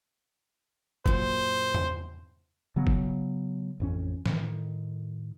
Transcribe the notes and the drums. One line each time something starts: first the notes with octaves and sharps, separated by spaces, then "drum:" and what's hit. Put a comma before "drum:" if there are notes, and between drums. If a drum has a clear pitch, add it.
F#2 A#2 C5, drum: kick
drum: tom E2
C#3 F#3 B3
drum: kick
A1 F2 C#4
A2 D#3, drum: snare